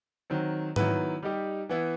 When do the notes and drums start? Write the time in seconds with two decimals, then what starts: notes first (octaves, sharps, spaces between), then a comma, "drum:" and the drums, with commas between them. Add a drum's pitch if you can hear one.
0.30 D#3 F#3 C4
0.76 D#3 F#3 B3 E4 B4, drum: tom G#2
1.22 G3 D#4 G4
1.69 E3 B3 E4